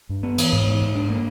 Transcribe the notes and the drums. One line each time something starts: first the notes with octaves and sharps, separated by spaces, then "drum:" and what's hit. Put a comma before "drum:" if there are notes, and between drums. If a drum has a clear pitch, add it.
G2
B3
E3, drum: cymbal
G#2
G#2
G#2
D4
A#3